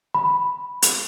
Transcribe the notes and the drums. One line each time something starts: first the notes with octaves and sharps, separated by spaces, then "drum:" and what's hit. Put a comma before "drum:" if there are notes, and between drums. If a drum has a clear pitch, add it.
B5
drum: hi-hat